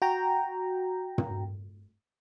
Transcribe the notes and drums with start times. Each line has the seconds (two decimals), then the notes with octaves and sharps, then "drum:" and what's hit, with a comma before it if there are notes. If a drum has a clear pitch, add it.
0.02 F#4 G5 A#5
1.18 drum: tom